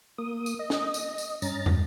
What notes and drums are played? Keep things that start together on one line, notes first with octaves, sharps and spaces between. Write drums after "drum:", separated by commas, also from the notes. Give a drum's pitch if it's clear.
A#3 D#6
drum: tambourine
D#5
drum: snare
drum: tambourine
drum: tambourine
G2 C#4 A#5 A6, drum: tambourine
drum: tom